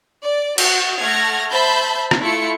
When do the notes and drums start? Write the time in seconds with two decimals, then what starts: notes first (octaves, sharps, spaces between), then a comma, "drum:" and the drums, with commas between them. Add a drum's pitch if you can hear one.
0.23 D5
0.58 F#4, drum: cymbal
1.02 A3 F#5 F6 G#6 A#6
1.51 C5 E5 A5 B5 G6
2.11 drum: rim click
2.23 A3 E4 F4 C#7